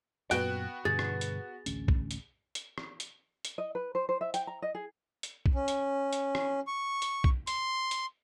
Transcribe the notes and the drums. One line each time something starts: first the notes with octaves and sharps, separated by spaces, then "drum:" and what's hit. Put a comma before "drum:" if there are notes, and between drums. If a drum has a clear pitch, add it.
F#2 A#2 B3 F#4 G5 F#6, drum: hi-hat
G2 B2 D3 G#4 A6
drum: rim click
drum: hi-hat
A1 D2 C#4, drum: hi-hat
drum: kick B1
drum: hi-hat
drum: hi-hat
drum: rim click
drum: hi-hat
drum: hi-hat
D#5
B4
C5
C5
E5
G5, drum: hi-hat
A#5
D#5
G#4
drum: hi-hat
drum: kick B1
C#4
drum: hi-hat
drum: hi-hat
drum: rim click
C#6
drum: hi-hat
drum: kick B1
C6, drum: hi-hat
drum: hi-hat